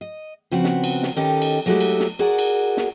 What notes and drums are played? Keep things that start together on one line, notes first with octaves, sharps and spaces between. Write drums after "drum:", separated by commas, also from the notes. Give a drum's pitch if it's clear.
D#5
C#3 F3 B3 C4 F#4 F#5
drum: snare
drum: cymbal
drum: snare
D#3 C#4 D#4 G4 A4
drum: cymbal
F#3 G#3 A3 E4 F#4 G4
drum: cymbal
drum: snare
F#4 G#4 A#4 D5 F#5
drum: cymbal
drum: snare